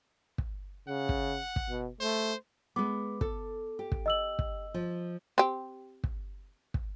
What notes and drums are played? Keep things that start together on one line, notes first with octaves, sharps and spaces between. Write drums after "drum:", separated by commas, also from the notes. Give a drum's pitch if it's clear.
drum: kick
C#3 F#5
drum: kick
drum: kick
B2
A3 C5
G#3 B3 D6
A4, drum: kick
G4
drum: kick
D#5 E6 F#7
drum: kick
F3
C4 G4
drum: kick
drum: kick